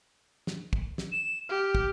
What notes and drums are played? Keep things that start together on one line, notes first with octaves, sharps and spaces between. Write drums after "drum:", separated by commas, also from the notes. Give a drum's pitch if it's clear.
drum: snare
drum: kick
drum: snare
E7
G4 F6
drum: kick